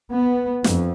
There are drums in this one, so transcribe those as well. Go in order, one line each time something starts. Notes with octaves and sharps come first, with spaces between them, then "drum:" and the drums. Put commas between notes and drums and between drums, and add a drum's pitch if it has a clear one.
B3
F2, drum: snare